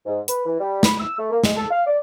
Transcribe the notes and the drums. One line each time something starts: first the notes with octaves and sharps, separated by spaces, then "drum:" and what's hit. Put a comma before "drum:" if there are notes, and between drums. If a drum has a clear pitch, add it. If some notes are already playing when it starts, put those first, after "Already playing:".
G#2
B4, drum: hi-hat
E3
G3
B5, drum: snare
E6
A3
A#3
G#3, drum: snare
A4
F5
D5